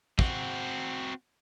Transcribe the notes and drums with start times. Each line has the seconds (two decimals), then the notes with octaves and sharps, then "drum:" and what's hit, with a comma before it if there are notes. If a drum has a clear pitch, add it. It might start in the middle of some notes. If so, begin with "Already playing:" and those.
0.19 C4 F#4, drum: kick